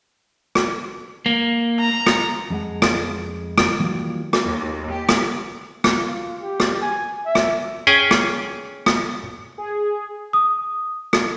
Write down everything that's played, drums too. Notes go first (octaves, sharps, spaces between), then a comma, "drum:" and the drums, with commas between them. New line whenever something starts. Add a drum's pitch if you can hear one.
drum: rim click
A#3
A#5
drum: rim click
F2 G#3 F#5
drum: rim click
drum: rim click
D#3 E3 F#3 G3 A#3 F4
drum: rim click
D#2
G4
drum: rim click
drum: rim click
F4
G4
drum: rim click
G#5
E5
drum: rim click
C#4 G#4 G5 G#5
drum: rim click
drum: rim click
G#4
D#6
drum: rim click